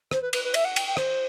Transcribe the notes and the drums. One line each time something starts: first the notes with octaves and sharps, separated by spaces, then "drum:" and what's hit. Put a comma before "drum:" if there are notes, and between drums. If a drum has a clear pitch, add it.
C5, drum: rim click
B4
B4, drum: cymbal
B4
E5, drum: cymbal
F#5
G5, drum: cymbal
G5
C5, drum: rim click